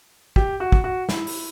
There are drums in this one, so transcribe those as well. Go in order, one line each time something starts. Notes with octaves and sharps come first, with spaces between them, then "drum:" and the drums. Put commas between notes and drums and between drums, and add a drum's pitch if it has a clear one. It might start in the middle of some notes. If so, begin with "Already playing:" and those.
G4, drum: kick
F#4
drum: kick
F#4
E4, drum: snare
drum: open hi-hat